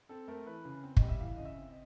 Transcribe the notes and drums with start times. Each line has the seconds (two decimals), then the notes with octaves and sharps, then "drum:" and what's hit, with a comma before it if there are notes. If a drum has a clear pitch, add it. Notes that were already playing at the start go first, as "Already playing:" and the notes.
0.09 C4 A4
0.28 A3 A#4
0.46 E3 B4
0.65 C#3
0.84 C4
0.97 D#5, drum: kick
1.02 G3
1.09 E5
1.20 E3 F5
1.36 C#3 D#5
1.45 E5
1.58 C4
1.70 D#5